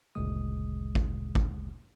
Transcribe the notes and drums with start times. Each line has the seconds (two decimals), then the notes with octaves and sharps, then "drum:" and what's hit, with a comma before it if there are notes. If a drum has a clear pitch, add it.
0.15 G1 D2 A#2 C#3 G#3 D#6
0.95 drum: kick
1.35 drum: kick